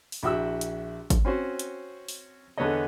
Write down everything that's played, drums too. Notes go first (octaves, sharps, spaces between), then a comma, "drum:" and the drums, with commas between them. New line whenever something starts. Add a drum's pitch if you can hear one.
drum: open hi-hat
A#1 E4 F#4 G5 E6
drum: hi-hat
drum: kick G#1, hi-hat
C4 C#4 F#4 C5
drum: hi-hat
drum: open hi-hat
E2 D3 B3 A4 C#5 D#5